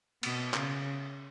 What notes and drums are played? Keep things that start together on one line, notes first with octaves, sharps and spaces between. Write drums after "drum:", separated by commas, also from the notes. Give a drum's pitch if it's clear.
B2, drum: cymbal
C#3, drum: clap